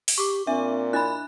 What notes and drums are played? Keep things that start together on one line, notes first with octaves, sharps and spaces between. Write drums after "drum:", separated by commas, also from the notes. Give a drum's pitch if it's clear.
drum: open hi-hat
G4 C#6 D6
A#2 C4 D4 E5
D4 E4 D#5 B5 F#6